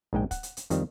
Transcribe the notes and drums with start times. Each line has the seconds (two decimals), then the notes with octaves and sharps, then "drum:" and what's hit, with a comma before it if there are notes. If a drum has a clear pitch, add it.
0.13 A#1 G#2 G#3 G5
0.31 F#5, drum: kick, hi-hat
0.43 drum: hi-hat
0.57 drum: hi-hat
0.70 F2 D#3 G3 C4, drum: hi-hat